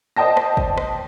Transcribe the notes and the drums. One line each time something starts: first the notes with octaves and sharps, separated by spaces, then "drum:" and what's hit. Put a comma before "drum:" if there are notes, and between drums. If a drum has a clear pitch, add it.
C5 D5 D#5 G5 A5 A#6
drum: rim click
drum: kick
drum: rim click